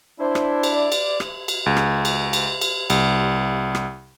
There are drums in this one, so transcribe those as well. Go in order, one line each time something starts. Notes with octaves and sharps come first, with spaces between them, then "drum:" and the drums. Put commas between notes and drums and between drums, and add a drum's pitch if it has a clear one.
D4 E4 C5
drum: rim click
drum: cymbal
D5
drum: cymbal
drum: rim click
drum: cymbal
C#2
drum: rim click
drum: cymbal
drum: cymbal
drum: cymbal
C2, drum: cymbal
drum: rim click